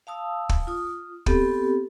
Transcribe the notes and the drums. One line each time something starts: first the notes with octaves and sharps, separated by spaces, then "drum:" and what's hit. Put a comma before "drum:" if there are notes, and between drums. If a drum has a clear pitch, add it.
F5 A5 D#6 E6
drum: kick
F4 D#6
B3 C4 G4 A4, drum: kick